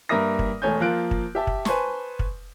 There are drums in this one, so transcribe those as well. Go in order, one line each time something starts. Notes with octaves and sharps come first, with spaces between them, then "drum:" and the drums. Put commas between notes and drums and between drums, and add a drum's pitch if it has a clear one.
G2 A#3 A#4 E5 D#6 A#6
drum: kick
E1 A3 C#5 G#5 G6
F3 A#3 F4 F#6 D7
drum: kick
G4 E5 A5
drum: kick
B4 C5 G#5 A5 C6 C#6, drum: snare
drum: kick